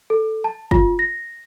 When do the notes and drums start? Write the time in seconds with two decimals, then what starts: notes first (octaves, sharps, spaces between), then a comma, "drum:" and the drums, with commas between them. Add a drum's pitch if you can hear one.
0.10 A4
0.44 A5
0.71 F4, drum: kick
0.99 A#6